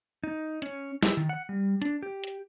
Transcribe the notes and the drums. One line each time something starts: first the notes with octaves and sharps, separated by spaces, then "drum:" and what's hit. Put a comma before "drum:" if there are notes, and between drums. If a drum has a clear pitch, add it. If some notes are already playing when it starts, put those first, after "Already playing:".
D#4
C#4, drum: hi-hat
E4, drum: snare
D#3
F#5
G3
D4, drum: hi-hat
G4
drum: hi-hat